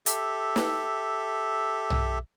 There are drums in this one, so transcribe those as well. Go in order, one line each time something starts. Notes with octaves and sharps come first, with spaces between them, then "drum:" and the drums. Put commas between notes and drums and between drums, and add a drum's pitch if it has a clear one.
G4 A4 E5, drum: hi-hat
drum: snare
drum: tom B1